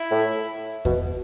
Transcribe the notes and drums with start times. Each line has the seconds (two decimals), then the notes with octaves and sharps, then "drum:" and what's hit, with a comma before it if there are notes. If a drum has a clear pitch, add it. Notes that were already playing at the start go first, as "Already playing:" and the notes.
Already playing: E4
0.11 A2
0.85 B2, drum: kick E2